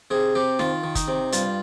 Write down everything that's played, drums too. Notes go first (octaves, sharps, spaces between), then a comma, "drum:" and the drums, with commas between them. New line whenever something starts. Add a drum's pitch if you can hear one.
C3 G#4
C3 G4
D#3 F4, drum: snare
D#3
D#4, drum: kick, hi-hat
C3
G2 F4, drum: hi-hat